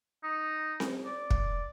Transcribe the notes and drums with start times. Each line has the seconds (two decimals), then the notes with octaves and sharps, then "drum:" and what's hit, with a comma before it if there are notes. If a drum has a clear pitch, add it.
0.23 D#4
0.80 drum: snare C4
1.05 D5
1.30 drum: kick